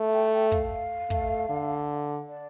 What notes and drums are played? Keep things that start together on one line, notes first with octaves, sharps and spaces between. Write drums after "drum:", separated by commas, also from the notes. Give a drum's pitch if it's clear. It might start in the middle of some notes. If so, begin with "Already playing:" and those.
Already playing: A3
G5, drum: open hi-hat
G5
F5, drum: kick
A3, drum: kick
D3
D5